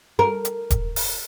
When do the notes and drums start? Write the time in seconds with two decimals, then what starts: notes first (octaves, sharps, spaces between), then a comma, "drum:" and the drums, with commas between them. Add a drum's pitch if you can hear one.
0.19 A#4
0.45 drum: hi-hat
0.70 drum: kick D#1, hi-hat
0.96 drum: open hi-hat